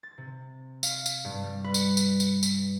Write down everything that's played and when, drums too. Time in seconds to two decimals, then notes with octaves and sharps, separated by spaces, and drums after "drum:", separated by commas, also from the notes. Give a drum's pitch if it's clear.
0.03 A6
0.18 C3
0.83 F5, drum: tambourine
1.06 drum: tambourine
1.25 G2
1.43 G3
1.64 B4
1.74 drum: tambourine
1.97 drum: tambourine
2.20 drum: tambourine
2.43 drum: tambourine